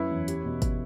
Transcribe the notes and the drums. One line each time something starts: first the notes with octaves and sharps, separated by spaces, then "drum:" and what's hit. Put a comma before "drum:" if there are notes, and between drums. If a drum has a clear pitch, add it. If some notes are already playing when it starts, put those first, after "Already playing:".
Already playing: F#2 C#4 E4 B4 C#5
E2
G4, drum: hi-hat
B2
drum: kick, hi-hat